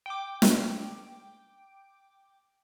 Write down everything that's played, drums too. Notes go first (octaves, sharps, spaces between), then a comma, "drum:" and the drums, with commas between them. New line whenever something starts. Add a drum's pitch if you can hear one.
G5 D6
drum: snare